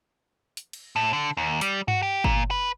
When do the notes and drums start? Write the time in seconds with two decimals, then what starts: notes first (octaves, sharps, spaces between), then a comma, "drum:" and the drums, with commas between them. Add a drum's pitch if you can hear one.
0.57 drum: hi-hat
0.73 drum: cymbal
0.96 A2
1.13 D3
1.37 D#2
1.61 G3, drum: hi-hat
1.88 F#4, drum: tom G2
2.03 G4
2.24 A#2, drum: kick G1
2.51 B4